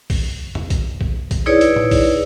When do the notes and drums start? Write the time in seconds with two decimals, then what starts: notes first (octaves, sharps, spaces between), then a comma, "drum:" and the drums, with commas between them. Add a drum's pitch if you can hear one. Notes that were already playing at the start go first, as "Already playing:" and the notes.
0.10 drum: kick A#1, open hi-hat
0.55 drum: tom E2
0.70 drum: kick A#1, hi-hat
1.01 drum: kick A#1
1.31 drum: kick A#1, hi-hat
1.46 D#4 E4 G#4 B4 C#5 D5
1.61 drum: hi-hat
1.76 drum: tom A2
1.91 drum: kick A#1, open hi-hat